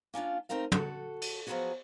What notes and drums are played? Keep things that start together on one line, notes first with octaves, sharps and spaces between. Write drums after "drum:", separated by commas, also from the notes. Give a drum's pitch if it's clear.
A#3 C#4 D4 F4
A3 C4 D#4 A#4 F5
F#4 A4, drum: tom
drum: cymbal
F3 F#3 G#3 B3 F#4 G#4